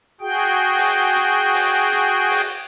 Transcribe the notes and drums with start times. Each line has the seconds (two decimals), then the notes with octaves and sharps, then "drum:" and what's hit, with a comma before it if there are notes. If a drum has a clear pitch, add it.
0.21 F#4 G#4 G5
0.78 drum: open hi-hat
1.16 drum: hi-hat
1.54 drum: open hi-hat
1.92 drum: hi-hat
2.31 drum: open hi-hat